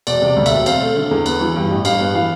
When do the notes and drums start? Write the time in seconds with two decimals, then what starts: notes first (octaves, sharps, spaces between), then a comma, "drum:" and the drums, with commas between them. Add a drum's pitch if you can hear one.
0.07 E1 D5, drum: cymbal
0.22 C3 D5
0.36 D2
0.46 E1 E5, drum: cymbal
0.66 C4 F5, drum: cymbal
0.82 A3
0.96 D3
1.11 E2
1.26 B3, drum: cymbal
1.41 E3
1.56 G2
1.71 A1
1.85 G2 F5, drum: cymbal
2.00 B3
2.14 E3 F5